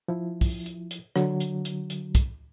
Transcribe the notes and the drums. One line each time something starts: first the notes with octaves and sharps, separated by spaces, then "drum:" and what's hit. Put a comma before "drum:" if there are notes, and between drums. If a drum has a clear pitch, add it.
F3 E4
drum: kick, open hi-hat
drum: hi-hat
drum: hi-hat
D3 F#3, drum: rim click
drum: hi-hat
drum: hi-hat
drum: hi-hat
drum: kick, hi-hat